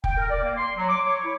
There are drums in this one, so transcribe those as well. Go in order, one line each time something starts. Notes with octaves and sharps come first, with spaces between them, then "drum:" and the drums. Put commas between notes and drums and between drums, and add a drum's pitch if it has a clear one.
G5, drum: kick
A#4
D5
A#3
C6
F#3
D6
C#5
E4